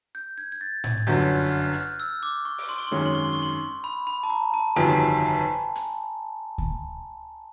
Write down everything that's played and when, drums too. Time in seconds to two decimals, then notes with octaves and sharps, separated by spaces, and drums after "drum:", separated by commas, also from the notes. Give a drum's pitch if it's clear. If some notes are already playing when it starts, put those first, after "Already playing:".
0.15 G6
0.38 G#6
0.52 G#6
0.61 A6
0.84 G#6, drum: tom A2
1.07 G1 F#2 D3 F#3 G6
1.22 F#6
1.38 F6
1.45 F#6
1.52 F6
1.59 F#6
1.66 F6
1.73 F#6, drum: hi-hat
1.80 F6
2.00 E6
2.23 D6
2.45 C#6
2.58 drum: open hi-hat
2.69 C6
2.78 C#6
2.87 C6
2.91 G#1 F#2 D#3 G#3 C#4 C#6
3.06 C6
3.15 C#6
3.24 C6
3.33 C#6
3.43 C6
3.84 B5
4.07 B5
4.23 A5
4.30 A#5
4.54 A5
4.76 G1 F2 C3 D#3 F#3 G#5
4.84 A5
4.92 G#5
5.75 drum: hi-hat
6.58 drum: kick D2